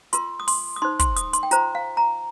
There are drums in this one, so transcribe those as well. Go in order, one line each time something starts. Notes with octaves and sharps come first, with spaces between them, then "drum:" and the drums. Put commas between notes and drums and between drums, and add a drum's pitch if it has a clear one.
F4 A#4 C6, drum: hi-hat
D#6
C6, drum: open hi-hat
D#6
D#4 C5 C6
C6, drum: kick, hi-hat
D#6, drum: hi-hat
C6, drum: hi-hat
G5
F4 C5 A#5, drum: hi-hat
F5
A#5